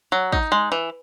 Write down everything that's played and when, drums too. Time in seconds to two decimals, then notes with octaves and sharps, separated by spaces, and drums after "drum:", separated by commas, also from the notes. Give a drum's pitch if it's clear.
0.12 F#3
0.32 D#4, drum: kick
0.52 G#3
0.72 E3